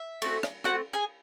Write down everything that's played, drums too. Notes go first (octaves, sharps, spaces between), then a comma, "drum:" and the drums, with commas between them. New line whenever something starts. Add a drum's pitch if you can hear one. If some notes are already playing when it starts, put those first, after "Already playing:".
Already playing: E5
A3 C4 F#4, drum: cymbal
drum: rim click
A3 C4 F#4 F#5, drum: rim click
G#4 G#5